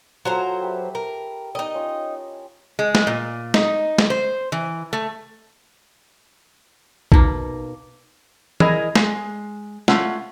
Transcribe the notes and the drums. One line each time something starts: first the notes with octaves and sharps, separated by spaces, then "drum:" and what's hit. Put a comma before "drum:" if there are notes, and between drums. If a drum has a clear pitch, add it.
F#3 F4 A4 C5 G#5 A#5
G4 B4 E5
A#4
D#4 A#4 D5 D#5 G5
C#4 F4
G#3
drum: snare
A#2
D#4, drum: snare
drum: snare
C5
E3
A3
B2 A#3 D#4, drum: kick
E4 G#4 A#4 D#5, drum: tom E3
G#3, drum: snare
A3 C#4 F4 F#5, drum: snare